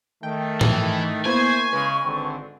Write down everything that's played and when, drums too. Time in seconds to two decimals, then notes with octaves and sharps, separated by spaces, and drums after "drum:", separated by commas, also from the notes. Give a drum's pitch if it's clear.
0.23 D#3 A3 G5
0.61 E3, drum: tom G#2
1.26 A#3 B3 E4 C5 G#5 C#6
1.73 C#3 G#3 B4
2.04 G#1 D3 C4